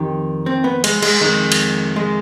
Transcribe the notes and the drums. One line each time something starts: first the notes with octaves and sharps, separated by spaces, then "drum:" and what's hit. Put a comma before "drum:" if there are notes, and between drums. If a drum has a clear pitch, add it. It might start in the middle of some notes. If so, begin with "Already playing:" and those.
Already playing: F2 D#3 G4
C4
B3
G#3, drum: cymbal
G#3, drum: cymbal
F2 D#3 G#3
drum: cymbal
G#3